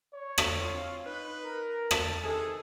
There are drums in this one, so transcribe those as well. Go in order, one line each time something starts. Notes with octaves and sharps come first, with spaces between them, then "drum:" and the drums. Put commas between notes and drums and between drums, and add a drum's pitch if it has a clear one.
C#5
drum: rim click
C4 F4
D#4 B4
A#4
A5, drum: rim click
C3 D#3 G#4 A4